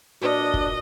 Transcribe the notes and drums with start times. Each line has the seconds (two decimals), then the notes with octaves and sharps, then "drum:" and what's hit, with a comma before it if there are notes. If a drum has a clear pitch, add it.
0.21 A#2 D4 F#4 B4 D#5
0.54 drum: kick